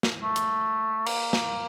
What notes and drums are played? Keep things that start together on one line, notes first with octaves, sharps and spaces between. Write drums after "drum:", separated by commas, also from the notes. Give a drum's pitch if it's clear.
drum: snare
A3
drum: hi-hat
A#3, drum: cymbal
drum: snare